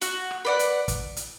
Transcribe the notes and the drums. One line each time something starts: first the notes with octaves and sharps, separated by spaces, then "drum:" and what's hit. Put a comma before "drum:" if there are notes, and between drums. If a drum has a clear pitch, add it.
F#4, drum: hi-hat
drum: rim click
B4 D5 F#5
drum: hi-hat
drum: kick, hi-hat
drum: hi-hat